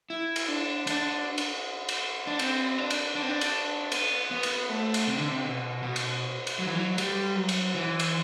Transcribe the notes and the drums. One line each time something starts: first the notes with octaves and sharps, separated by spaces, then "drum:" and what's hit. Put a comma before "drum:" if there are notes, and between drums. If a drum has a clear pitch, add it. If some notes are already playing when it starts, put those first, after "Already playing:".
E4
drum: cymbal
D4
D4, drum: cymbal
drum: cymbal
drum: cymbal
D4
C4, drum: cymbal
D4
drum: cymbal
D4
C4
D4
drum: cymbal
B3, drum: cymbal
B3
drum: cymbal
A3
drum: cymbal
C3
D3
C3
B2
B2
drum: cymbal
drum: cymbal
F#3
E3
F#3
G3, drum: cymbal
F#3
drum: cymbal
E3
drum: cymbal